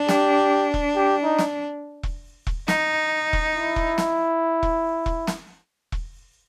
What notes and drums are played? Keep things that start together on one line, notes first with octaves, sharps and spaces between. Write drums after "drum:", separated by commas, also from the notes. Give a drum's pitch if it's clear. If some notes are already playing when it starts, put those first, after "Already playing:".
Already playing: D4
G4, drum: snare
drum: kick E1
G4
D#4
drum: snare
drum: kick E1
drum: kick E1
D#4, drum: snare
drum: kick E1
E4
drum: kick E1
drum: snare
drum: kick E1
drum: kick E1
drum: snare
drum: kick E1